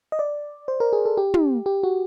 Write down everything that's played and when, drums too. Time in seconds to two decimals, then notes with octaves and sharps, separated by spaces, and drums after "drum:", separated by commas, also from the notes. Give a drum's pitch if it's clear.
0.12 D#5
0.19 D5
0.68 C5
0.80 A#4
0.93 G#4
1.05 A4
1.17 G4
1.34 drum: tom
1.66 G4
1.83 F#4